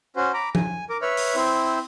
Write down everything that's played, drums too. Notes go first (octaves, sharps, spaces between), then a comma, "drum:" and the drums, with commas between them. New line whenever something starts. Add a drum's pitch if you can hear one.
C#4 F#4 C5
A#5 B5 D6
G#5, drum: tom F3
A#4 D6
B4 C#5 E5 B5 F6
drum: open hi-hat
C4 E4 C5